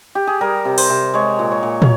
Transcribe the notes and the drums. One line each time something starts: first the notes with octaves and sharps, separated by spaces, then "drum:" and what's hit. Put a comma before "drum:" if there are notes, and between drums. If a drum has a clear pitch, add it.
G4
G#4
G3 A#4
C3
C5, drum: open hi-hat
C3
G#3 C#5
A#2
C#5
A#2
C#5, drum: tom